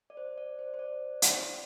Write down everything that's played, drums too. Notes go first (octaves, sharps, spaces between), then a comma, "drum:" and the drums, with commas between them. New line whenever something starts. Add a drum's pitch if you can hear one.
D5
C5
D5
C5
C5
D5
drum: hi-hat